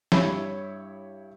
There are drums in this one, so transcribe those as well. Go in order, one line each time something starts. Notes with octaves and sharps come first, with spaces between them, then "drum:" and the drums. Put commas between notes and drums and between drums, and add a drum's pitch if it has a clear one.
G2 E4 C#5 E5 B5, drum: snare